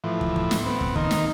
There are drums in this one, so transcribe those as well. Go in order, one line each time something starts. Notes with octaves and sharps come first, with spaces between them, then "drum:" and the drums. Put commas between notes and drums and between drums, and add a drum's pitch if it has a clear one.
A2 E3 F3
drum: kick
drum: kick
drum: snare
B3 C4
drum: kick
D#3 A#3 D#4, drum: kick
drum: snare